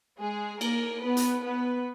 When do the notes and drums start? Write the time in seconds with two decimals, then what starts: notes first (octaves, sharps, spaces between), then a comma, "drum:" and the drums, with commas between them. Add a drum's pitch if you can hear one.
0.20 G#3 G#4
0.61 A#3 A#4, drum: cymbal
1.03 B3 B4
1.17 drum: hi-hat
1.44 B3 B4